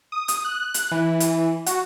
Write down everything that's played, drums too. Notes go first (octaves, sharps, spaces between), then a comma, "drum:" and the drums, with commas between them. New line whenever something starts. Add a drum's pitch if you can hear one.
D#6
drum: hi-hat
F#6
drum: hi-hat
E3
drum: hi-hat
F#4, drum: hi-hat